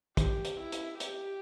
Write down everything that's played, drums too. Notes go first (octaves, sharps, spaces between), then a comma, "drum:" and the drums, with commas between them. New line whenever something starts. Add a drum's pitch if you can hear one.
G4, drum: kick, hi-hat
drum: hi-hat
E4
drum: hi-hat
G4, drum: hi-hat